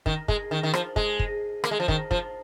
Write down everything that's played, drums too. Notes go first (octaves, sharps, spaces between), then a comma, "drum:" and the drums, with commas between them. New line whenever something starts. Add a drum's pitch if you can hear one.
D#3, drum: kick
G#3, drum: kick
D#3
D#3
F3, drum: rim click
G#3, drum: kick
drum: kick
A#3, drum: rim click
G#3
F3
D#3, drum: kick
F3, drum: kick